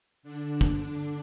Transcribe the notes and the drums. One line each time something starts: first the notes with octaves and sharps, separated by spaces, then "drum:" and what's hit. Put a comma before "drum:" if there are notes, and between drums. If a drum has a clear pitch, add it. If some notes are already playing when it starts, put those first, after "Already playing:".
D3 D4
drum: kick